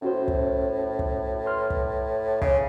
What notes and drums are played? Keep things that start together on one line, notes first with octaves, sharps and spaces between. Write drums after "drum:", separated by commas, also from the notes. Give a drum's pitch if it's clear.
A2 C#4 F#4 C5
drum: kick
drum: kick
B4 C6 F6
drum: kick
C#3, drum: kick